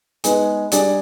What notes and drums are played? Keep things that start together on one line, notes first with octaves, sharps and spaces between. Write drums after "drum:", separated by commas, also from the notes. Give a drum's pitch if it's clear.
G#3 B3 D#4 G#4, drum: hi-hat
G3 D4 G#4 D5, drum: hi-hat